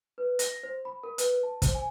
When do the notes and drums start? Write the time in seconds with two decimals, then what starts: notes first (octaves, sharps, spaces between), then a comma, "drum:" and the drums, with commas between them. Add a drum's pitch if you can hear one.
0.18 B4
0.39 A#6, drum: hi-hat
0.63 C5
0.85 B5
1.04 A#4
1.18 B4, drum: hi-hat
1.43 A5
1.62 C5, drum: kick, hi-hat
1.75 G#5